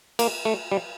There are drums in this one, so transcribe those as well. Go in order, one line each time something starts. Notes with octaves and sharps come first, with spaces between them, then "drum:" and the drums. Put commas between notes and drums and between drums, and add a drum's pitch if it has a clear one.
A#3, drum: cymbal
A3
G3